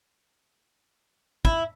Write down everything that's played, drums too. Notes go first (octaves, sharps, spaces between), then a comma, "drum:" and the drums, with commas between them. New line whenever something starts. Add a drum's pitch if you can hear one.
E4, drum: kick